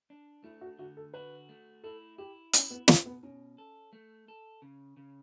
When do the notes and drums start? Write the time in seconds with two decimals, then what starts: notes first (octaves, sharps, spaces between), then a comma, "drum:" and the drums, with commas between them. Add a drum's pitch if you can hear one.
0.10 D4
0.44 A3 E4
0.61 F#4
0.79 D3 F#4
0.97 A4
1.14 F#4 B4
1.49 A3
1.84 E4 A4
2.18 E4 G4
2.53 C#4 E4, drum: hi-hat
2.70 B3
2.88 B2 C#4, drum: snare
3.06 B3
3.23 B2 C#4
3.58 A4
3.93 A3
4.28 A4
4.62 C#3
4.97 C#3